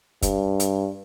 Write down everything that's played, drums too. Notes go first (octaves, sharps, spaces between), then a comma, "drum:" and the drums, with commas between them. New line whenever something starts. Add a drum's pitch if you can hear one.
G2, drum: kick, hi-hat
drum: hi-hat